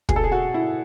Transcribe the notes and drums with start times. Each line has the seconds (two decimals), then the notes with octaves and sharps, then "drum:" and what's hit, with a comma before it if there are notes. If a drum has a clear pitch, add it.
0.09 B2 G#4, drum: kick
0.16 A4
0.24 G#4
0.32 F#4
0.54 E4